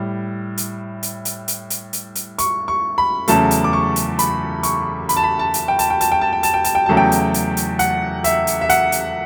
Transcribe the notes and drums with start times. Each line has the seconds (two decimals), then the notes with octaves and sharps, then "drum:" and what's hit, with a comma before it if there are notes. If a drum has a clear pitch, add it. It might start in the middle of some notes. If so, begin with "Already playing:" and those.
Already playing: A2 G3
0.58 drum: hi-hat
1.03 drum: hi-hat
1.25 drum: hi-hat
1.48 drum: hi-hat
1.70 drum: hi-hat
1.93 drum: hi-hat
2.15 drum: hi-hat
2.38 C#6, drum: hi-hat
2.68 C#6
2.98 B5
3.28 E2 C#3 F#3 A3 A5, drum: hi-hat
3.51 drum: hi-hat
3.64 D6
3.73 C#6
3.96 drum: hi-hat
4.19 B5, drum: hi-hat
4.63 C#6, drum: hi-hat
5.09 B5, drum: hi-hat
5.17 A5
5.24 B5
5.39 A5
5.54 drum: hi-hat
5.68 G5
5.79 A5, drum: hi-hat
5.90 G5
6.01 A5, drum: hi-hat
6.12 G5
6.21 A5
6.33 G5
6.43 A5, drum: hi-hat
6.54 G5
6.64 A5, drum: hi-hat
6.75 G5
6.86 E2 C#3 F#3 A3 A5
6.97 G5
7.12 drum: hi-hat
7.34 drum: hi-hat
7.57 drum: hi-hat
7.79 F#5, drum: hi-hat
8.24 E5, drum: hi-hat
8.47 drum: hi-hat
8.61 E5
8.69 F#5, drum: hi-hat
8.92 drum: hi-hat